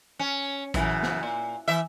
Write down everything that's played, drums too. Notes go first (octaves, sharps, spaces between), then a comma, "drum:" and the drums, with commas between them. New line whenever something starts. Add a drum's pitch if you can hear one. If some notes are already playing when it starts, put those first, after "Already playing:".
C#4
F#2 C#3 E3, drum: kick A1, hi-hat
drum: snare
A#2
E3 E5